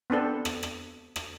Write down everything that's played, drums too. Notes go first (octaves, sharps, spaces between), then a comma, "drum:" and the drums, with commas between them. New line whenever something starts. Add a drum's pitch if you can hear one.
B3 C4 D4 A4
drum: rim click
drum: rim click
drum: rim click